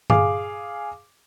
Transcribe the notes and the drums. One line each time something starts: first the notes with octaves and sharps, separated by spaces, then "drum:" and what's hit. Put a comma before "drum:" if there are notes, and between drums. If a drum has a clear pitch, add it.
G#4 F5 D6, drum: tom G2